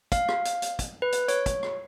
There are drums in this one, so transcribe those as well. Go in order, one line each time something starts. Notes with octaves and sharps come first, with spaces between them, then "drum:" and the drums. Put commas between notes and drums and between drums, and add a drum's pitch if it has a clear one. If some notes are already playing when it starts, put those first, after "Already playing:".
F5, drum: kick, hi-hat
drum: rim click
drum: hi-hat
drum: hi-hat
drum: kick, hi-hat
B4
drum: hi-hat
C#5, drum: hi-hat
drum: kick, hi-hat
drum: rim click